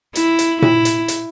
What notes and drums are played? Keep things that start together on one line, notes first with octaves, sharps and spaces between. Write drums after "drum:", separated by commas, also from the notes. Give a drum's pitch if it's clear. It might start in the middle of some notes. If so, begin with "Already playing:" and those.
E4, drum: hi-hat
drum: hi-hat
E4, drum: tom A#2
drum: hi-hat
drum: hi-hat